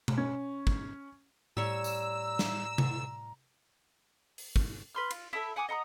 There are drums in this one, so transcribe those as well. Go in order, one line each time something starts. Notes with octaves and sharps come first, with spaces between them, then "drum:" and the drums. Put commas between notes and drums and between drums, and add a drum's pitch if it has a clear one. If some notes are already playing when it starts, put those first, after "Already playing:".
drum: tom B2
C#4
drum: kick
A2 G3 C#5 A#5 E6
drum: tambourine
drum: snare
drum: tom C3
drum: open hi-hat
drum: kick
B4 C6 F6
F4, drum: cymbal
E4 A4 E5
F#5 G#5 D6 D#6
D#5 F#5 A#5 D#6